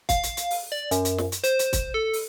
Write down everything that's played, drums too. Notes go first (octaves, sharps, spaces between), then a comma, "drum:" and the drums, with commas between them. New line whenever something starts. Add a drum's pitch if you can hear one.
F5, drum: kick, hi-hat
drum: hi-hat
drum: hi-hat
drum: open hi-hat
D5
F#2, drum: hi-hat
drum: hi-hat
drum: snare
drum: hi-hat
C5, drum: hi-hat
drum: hi-hat
drum: kick, hi-hat
A4
drum: open hi-hat